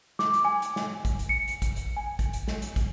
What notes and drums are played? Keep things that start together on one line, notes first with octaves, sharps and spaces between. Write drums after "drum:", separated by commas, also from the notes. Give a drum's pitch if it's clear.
D6, drum: snare
drum: hi-hat
G#5
drum: hi-hat
drum: snare
drum: kick, hi-hat
drum: hi-hat
C#7
drum: hi-hat
drum: kick, hi-hat
drum: hi-hat
G#5
drum: kick, hi-hat
drum: hi-hat
drum: snare
drum: hi-hat
drum: kick, hi-hat